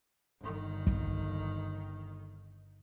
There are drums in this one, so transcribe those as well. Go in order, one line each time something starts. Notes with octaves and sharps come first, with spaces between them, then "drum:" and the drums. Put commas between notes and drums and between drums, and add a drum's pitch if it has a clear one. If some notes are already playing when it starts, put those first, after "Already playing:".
G1 D#3
drum: kick